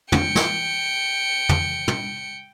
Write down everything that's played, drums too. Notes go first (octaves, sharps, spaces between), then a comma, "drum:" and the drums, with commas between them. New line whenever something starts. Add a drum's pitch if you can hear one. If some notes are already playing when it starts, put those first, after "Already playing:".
G5 C#7, drum: tom
drum: snare
drum: tom
drum: tom